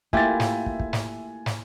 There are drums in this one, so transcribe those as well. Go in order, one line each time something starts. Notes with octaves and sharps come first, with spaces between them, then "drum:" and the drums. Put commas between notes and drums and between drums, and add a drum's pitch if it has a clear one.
A3 A#3 E4 F4 G4 E5 G#5 A6, drum: kick
drum: snare
drum: kick
drum: kick
drum: snare
drum: snare